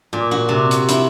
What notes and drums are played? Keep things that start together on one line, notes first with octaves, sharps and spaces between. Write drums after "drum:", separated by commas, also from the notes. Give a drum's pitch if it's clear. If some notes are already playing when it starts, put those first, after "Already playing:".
A#2
F#4
C3
drum: hi-hat
E4, drum: hi-hat